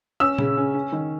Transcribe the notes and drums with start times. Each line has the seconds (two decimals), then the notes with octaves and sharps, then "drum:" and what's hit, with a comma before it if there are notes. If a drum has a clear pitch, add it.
0.20 C#4 E6
0.38 C#3, drum: tom A#2
0.57 C#4
0.74 C#4
0.92 D#3